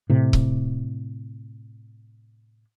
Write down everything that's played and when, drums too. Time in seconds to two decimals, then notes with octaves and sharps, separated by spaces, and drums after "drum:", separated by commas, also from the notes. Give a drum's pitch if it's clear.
0.10 A2 C3
0.33 drum: kick C#1